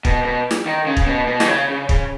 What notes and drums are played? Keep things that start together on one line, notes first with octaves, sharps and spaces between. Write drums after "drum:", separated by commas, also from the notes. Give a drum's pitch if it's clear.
B2, drum: kick
B2
drum: snare
D#3
C#3
drum: kick
B2
B2
D#3, drum: snare
C#3
C#3
C#3, drum: kick